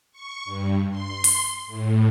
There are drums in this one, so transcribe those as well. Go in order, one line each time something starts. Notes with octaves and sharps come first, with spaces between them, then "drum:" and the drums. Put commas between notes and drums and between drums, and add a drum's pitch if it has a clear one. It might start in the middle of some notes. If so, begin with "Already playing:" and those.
C#6
G2
C6
drum: open hi-hat
A2